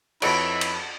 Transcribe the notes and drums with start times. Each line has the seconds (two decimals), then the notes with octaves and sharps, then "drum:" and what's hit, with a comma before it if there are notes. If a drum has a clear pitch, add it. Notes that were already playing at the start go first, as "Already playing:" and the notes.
0.22 F2 E4 F#4 A4 B4 C#5 D#5 B5, drum: cymbal
0.61 drum: cymbal